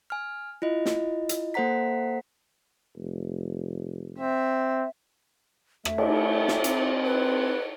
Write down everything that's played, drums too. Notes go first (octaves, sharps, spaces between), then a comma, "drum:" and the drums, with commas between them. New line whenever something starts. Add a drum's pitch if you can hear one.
G#5 F6
E4 F4 D#5
drum: snare
drum: hi-hat
A#3 A4 C5 F#5 A#5 B6
F1
C4 E5
A3 E5, drum: rim click
drum: cymbal
drum: snare
C4, drum: hi-hat
B4